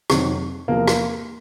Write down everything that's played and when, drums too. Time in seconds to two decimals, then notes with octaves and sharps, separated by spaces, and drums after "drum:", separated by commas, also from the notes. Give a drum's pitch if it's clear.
0.10 F2 C3 D#3 F#3, drum: rim click
0.68 E2 C3 F3 A#3
0.88 drum: rim click